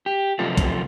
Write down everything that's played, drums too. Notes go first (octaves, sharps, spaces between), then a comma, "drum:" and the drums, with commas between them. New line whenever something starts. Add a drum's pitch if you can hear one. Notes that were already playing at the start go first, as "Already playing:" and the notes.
G4
F#2 C3 F3 A3 F4
drum: kick B1, hi-hat